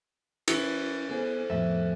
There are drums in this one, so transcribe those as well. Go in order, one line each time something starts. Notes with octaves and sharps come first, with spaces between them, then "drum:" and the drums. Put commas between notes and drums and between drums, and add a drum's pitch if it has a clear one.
E3 C#4 B4 F#5, drum: cymbal
B3 G#4 A4 C5 G#5
F2 A2 B3 E5